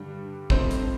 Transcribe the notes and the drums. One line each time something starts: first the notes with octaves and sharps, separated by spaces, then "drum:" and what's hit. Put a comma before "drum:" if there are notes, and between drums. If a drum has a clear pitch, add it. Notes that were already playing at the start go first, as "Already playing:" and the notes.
Already playing: G2 D3 G3 D4
G2 F3 A3 C4 D#4 C5, drum: kick
drum: hi-hat